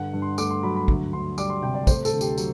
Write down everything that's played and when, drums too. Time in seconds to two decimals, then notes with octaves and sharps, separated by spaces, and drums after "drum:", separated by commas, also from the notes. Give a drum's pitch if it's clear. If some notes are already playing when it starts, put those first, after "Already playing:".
Already playing: G2 D3 F#5
0.13 G2
0.22 C6
0.38 A3 D6, drum: tambourine
0.50 C6
0.63 F#3 B5
0.76 B5
0.88 D2, drum: kick
1.13 D2 C6
1.38 G3 D6, drum: tambourine
1.50 C6
1.62 C3 G5
1.75 D5
1.87 A3 C5, drum: kick, tambourine
2.05 A4, drum: tambourine
2.13 D2
2.21 G4, drum: tambourine
2.38 F#3, drum: tambourine